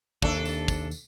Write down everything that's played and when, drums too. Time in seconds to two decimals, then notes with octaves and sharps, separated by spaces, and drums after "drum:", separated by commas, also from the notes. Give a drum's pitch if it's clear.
0.22 D#2 C3 D4 A4, drum: kick
0.45 drum: tambourine
0.68 drum: kick, tambourine
0.91 drum: tambourine